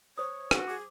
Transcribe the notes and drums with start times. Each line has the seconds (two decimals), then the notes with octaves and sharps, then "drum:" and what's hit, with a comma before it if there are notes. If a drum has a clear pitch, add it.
0.18 C5 C#5 D#6
0.51 F#4, drum: rim click
0.68 G#4 D6